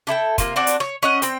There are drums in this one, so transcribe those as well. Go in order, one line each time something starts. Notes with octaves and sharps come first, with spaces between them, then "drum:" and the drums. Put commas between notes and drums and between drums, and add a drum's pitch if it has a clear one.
D4 E4 A4 G5
C3 A#3 F4, drum: kick, hi-hat
C4 D4 F#4 D5
drum: hi-hat
C#5, drum: rim click
C#4 D#5 F#5
C4 G5, drum: hi-hat